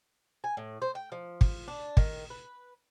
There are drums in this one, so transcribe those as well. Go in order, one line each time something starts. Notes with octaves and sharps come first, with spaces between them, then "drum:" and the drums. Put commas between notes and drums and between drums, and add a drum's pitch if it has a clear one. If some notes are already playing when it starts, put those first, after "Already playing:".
G#5
A2
C5
G5
F3
drum: kick
D4
D#3, drum: kick
B4